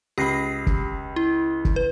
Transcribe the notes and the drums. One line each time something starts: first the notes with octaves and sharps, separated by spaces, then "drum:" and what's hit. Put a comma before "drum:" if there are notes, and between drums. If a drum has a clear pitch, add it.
C#2 G4 B5 A#6 C7
drum: kick
E4
drum: kick
B4